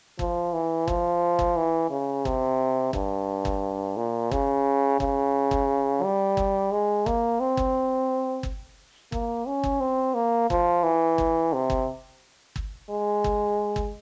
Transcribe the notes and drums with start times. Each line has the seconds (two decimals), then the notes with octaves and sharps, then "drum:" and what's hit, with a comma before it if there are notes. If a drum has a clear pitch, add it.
0.19 F3, drum: kick G1
0.53 E3
0.88 F3, drum: kick G1
1.39 drum: kick G1
1.57 E3
1.90 C#3
2.25 C3, drum: kick G1
2.93 G2, drum: kick G1
3.45 drum: kick G1
3.97 A#2
4.31 C#3, drum: kick G1
5.00 C#3, drum: kick G1
5.51 drum: kick G1
6.03 G3
6.37 drum: kick G1
6.72 G#3
7.06 A#3, drum: kick G1
7.40 C4
7.57 drum: kick G1
8.43 drum: kick G1
9.12 A#3, drum: kick G1
9.47 C#4
9.64 drum: kick G1
9.80 C4
10.15 A#3
10.50 F3, drum: kick G1
10.83 E3
11.18 drum: kick G1
11.53 C3
11.70 drum: kick G1
12.56 drum: kick G1
12.90 G#3
13.24 drum: kick G1
13.76 drum: kick G1